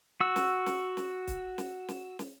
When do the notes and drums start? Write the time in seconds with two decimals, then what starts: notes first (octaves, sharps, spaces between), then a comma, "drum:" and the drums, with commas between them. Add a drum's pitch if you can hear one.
0.21 F#4 E6
0.36 drum: snare
0.66 drum: snare
0.97 drum: snare
1.27 drum: kick, hi-hat
1.58 drum: snare
1.88 drum: snare
2.19 drum: snare